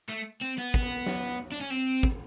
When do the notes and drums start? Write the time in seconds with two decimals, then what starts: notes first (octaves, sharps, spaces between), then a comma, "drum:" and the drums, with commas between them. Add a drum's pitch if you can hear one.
0.09 A3
0.41 C4
0.58 B3
0.74 drum: kick
1.06 drum: snare
1.52 D4
1.61 C#4
1.70 C4
2.03 drum: kick